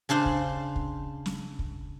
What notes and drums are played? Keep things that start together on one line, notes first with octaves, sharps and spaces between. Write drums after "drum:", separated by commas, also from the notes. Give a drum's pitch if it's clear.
C#3 D4 C5 F5
drum: kick
drum: kick
drum: snare
drum: kick